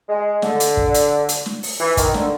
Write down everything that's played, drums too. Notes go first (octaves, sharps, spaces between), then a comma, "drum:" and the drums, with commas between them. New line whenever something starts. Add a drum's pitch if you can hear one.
G#3
D3, drum: snare
drum: hi-hat
drum: kick
drum: hi-hat
drum: hi-hat
drum: snare
drum: open hi-hat
E3
D#3, drum: kick, hi-hat
D3, drum: snare